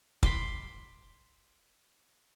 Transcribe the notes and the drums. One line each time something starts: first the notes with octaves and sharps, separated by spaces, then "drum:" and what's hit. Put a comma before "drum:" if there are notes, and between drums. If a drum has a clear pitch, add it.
B5 C6 D6, drum: kick